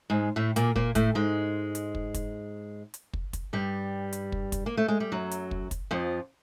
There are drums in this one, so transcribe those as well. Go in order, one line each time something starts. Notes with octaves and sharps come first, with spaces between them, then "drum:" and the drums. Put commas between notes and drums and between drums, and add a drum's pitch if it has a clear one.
G#2 G#3
A2 A3
A#2 A#3, drum: hi-hat
A#2 A#3, drum: kick
A2 A3, drum: kick, hi-hat
G#2 G#3
drum: hi-hat
drum: kick
drum: kick, hi-hat
drum: hi-hat
drum: kick
drum: kick, hi-hat
G2 G3
drum: hi-hat
drum: kick
drum: kick, hi-hat
A#3
A3
G#3
G3
F#2 F#3
drum: hi-hat
drum: kick
drum: kick, hi-hat
F2 F3